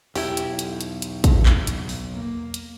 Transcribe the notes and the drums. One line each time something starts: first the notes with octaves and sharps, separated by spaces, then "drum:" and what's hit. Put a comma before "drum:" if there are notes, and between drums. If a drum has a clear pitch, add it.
B1 E2 E4 G4, drum: open hi-hat
drum: hi-hat
drum: hi-hat
drum: hi-hat
drum: hi-hat
drum: kick, hi-hat
drum: clap
drum: hi-hat
drum: open hi-hat
A#3
drum: hi-hat